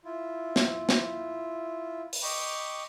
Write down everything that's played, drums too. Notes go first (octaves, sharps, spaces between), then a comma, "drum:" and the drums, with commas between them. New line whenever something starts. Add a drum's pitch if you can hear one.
E4 F4
drum: snare
drum: snare
drum: open hi-hat
D#5 G5 B5 C#6 D6